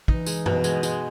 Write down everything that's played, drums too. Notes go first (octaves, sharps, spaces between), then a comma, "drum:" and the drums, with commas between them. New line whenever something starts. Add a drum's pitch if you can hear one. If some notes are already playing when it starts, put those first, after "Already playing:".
E3 D#4, drum: kick
G#3, drum: tambourine
B2, drum: tom F#2
G#3, drum: tambourine
G#3, drum: tambourine